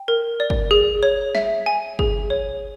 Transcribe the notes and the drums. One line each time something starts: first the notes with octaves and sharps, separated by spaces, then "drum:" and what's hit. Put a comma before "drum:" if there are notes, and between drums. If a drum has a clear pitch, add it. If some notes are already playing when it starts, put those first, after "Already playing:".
Already playing: G5
A#4
D5
drum: kick
G#4
C#5
E5, drum: snare
G#5
G#4, drum: kick
C#5